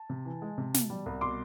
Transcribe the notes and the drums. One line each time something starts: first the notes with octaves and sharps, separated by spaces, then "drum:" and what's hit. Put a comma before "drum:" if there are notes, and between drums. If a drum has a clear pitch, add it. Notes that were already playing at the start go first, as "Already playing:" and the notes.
Already playing: A5
C3
E3
G#3
C3
B2, drum: snare
G3
C2
B2 C6 D6